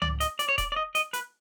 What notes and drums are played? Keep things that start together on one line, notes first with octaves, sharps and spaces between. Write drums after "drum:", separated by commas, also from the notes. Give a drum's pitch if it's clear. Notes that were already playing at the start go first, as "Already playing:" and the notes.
D5, drum: tom C#2
D#5, drum: hi-hat
D5, drum: hi-hat
C#5
D5, drum: kick D#1, hi-hat
D5
D#5
D#5, drum: hi-hat
B4, drum: hi-hat